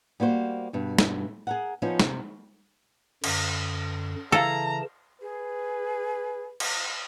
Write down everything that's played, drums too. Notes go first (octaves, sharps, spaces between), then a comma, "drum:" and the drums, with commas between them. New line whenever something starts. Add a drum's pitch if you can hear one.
G3 A#3 F#4 C5
G2 B2
drum: snare
G#4 A#4 F#5
F3 B3 C#4 D#4
C3, drum: snare
F#2 D3, drum: cymbal
C#3 E3 E4 A4 F5 A5 A#5
G#4 B4
drum: cymbal